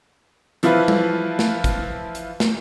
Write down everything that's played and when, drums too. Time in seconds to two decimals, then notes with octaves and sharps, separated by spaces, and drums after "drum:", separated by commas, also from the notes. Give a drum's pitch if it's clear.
0.63 E3 F3 E4 F4 B4, drum: hi-hat
0.88 drum: tom G3
1.39 drum: snare
1.64 drum: kick, hi-hat
2.15 drum: hi-hat
2.40 drum: snare